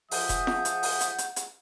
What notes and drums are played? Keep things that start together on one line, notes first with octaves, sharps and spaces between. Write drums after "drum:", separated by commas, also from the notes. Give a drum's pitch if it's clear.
F3 G#4 E5 F#5 D#6 G6, drum: open hi-hat
drum: kick E1, hi-hat
drum: snare
drum: hi-hat
drum: open hi-hat
drum: hi-hat
drum: hi-hat
drum: hi-hat